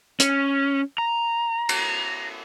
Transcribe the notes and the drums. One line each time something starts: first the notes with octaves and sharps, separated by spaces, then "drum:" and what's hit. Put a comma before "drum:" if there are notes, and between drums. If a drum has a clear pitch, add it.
C#4, drum: hi-hat
A#5
drum: cymbal